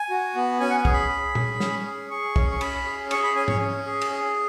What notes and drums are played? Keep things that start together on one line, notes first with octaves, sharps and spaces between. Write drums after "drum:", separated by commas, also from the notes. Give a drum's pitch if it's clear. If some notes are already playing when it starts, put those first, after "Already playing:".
Already playing: G#5
F#4
B3
C#4 G#5
F#5
G#5
G#4, drum: kick
B5
G#4
C#4, drum: tom A#2
C#4, drum: snare
G#4
G#4 C#6
C#4, drum: kick
C#6
C#4 B5, drum: cymbal
G#4
G#4 C#6, drum: cymbal
B5
C#4 G#5
C#5, drum: tom G#2
C#4
G#4
drum: cymbal
G#4